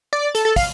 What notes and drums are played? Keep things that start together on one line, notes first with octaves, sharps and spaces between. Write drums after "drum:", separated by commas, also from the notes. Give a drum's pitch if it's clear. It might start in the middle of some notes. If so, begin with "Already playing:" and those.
D5
A4, drum: hi-hat
A4
F5, drum: kick, open hi-hat